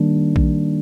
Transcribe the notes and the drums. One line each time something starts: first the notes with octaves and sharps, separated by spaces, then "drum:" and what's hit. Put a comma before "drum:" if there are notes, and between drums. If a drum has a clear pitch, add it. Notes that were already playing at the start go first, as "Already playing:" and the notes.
Already playing: D#3 G3 A#3 D4
drum: kick A#1